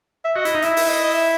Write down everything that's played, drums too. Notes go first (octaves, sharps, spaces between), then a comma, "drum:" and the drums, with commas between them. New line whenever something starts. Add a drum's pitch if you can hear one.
E5
F#4 D#5
E4, drum: hi-hat
D#4
E4 E5, drum: hi-hat
drum: open hi-hat
D#5
D#5
E5